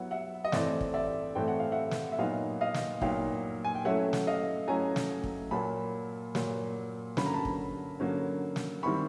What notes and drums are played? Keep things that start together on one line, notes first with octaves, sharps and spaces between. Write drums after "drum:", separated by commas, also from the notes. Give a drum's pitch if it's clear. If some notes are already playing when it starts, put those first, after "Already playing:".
Already playing: F#3 B3 E4 F#5
E5 F#5
D#5
A2 E3 A3 C4 D5 E5, drum: snare
drum: kick
D5 E5
A2 E3 A3 C4 G5
F#5
F5
E5 F#5
drum: snare
E5
A#2 F#3 B3 D#4 D#5 F5
D#5 F5
drum: snare
A#2 F#3 B3 D#4 F5 G5, drum: kick
G#5
G5
F#3 A3 C#4 E4 E5 F#5
drum: snare
D#5 F5
F#3 A3 C#4 E4 G#5 A#5
drum: snare
drum: kick
A#2 F#3 A#3 A5 B5
A#2 F#3 A#3, drum: snare
D3 F#3 A#3 C#4 B5, drum: snare
A#5
A5 B5
drum: kick
D3 F#3 A#3 C#4
drum: snare
D#3 G3 C4 E4 B5 C#6